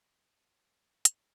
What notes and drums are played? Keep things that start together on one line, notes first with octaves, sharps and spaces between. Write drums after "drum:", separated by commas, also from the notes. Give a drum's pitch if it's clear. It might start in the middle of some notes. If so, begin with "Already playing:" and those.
G#4 D#5 A5 A#5
C4 C#4 C#5 D#5
G#4
A4 F5
G3 G#3 A4 A5, drum: hi-hat
A#4 C5 D#5 C6